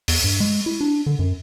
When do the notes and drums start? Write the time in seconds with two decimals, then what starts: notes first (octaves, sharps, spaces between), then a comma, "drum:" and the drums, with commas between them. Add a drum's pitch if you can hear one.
0.08 E2, drum: open hi-hat
0.24 G2
0.40 G#3
0.66 E4
0.81 D4
1.06 D3
1.19 F#2